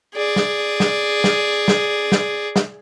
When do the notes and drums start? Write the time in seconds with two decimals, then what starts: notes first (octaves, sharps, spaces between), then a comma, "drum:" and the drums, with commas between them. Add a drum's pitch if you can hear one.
0.14 G#4 D5
0.36 drum: snare
0.80 drum: snare
1.24 drum: snare
1.68 drum: snare
2.12 drum: snare
2.56 drum: snare